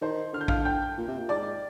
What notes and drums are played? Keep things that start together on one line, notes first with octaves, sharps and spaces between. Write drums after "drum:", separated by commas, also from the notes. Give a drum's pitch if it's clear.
D#3 C5 C6
D3 F6
G6
F5 F6, drum: kick
G5 G6
A#2
C3
A#2
G#2 D5 D6